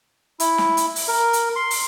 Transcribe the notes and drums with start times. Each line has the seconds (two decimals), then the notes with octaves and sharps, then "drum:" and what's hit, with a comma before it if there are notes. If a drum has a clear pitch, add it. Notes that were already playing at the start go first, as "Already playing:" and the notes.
0.40 E4, drum: hi-hat
0.58 drum: snare
0.77 drum: hi-hat
0.96 drum: open hi-hat
1.08 A#4
1.33 drum: hi-hat
1.56 C6
1.71 drum: open hi-hat